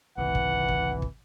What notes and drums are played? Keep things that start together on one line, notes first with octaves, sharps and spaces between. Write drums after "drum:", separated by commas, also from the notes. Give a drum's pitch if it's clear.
G#1 C#2 C3 E3 F#5
drum: kick
drum: kick
drum: kick